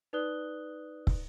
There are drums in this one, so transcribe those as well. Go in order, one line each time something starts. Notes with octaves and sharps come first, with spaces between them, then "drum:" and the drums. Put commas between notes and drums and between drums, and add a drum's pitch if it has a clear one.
D#4 B4 D5 D#6 F#6 G7
drum: kick